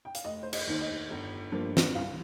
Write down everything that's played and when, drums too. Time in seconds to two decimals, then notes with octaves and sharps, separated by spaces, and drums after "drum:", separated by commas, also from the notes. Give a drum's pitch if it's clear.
0.05 G5
0.15 F5, drum: hi-hat
0.24 F1 D#5
0.43 C5
0.53 D#5, drum: cymbal
0.67 D#2 D#3 C5
0.81 D#5
1.10 G1
1.52 G2 F3 A#3
1.77 drum: snare
1.95 C2 F5